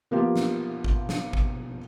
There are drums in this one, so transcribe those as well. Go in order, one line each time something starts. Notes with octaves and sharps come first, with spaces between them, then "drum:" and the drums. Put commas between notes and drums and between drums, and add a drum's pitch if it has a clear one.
F3 A#3 B3 F4 G4
drum: snare
drum: kick G#1
drum: snare
drum: kick G#1